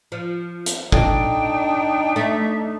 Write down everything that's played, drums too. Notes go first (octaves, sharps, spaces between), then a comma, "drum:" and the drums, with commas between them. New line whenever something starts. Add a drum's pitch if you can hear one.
F3
drum: hi-hat
D4 D#4 A4 D#5 G5, drum: kick
A3 E5